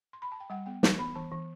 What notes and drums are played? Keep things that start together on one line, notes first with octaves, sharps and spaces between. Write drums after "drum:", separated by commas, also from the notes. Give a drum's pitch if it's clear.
C6
B5
A5
G5
G3 F#5
B3 G5
E3, drum: snare
B3 B5
E3 A5
E3